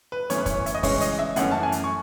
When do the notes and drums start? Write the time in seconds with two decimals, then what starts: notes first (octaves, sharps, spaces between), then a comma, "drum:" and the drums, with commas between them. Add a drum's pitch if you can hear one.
0.12 B4
0.30 F#2 E3 A3 C#4 C#5, drum: hi-hat
0.38 B4
0.46 C#5, drum: kick, hi-hat
0.66 E5, drum: hi-hat
0.74 D#5
0.83 C#3 E3 G#3 C#4 C#5, drum: kick, open hi-hat
1.01 D#5, drum: hi-hat
1.19 E5
1.36 F#2 E3 A3 C#4 F#5, drum: hi-hat
1.51 A5
1.63 G#5
1.72 drum: hi-hat
1.84 C#6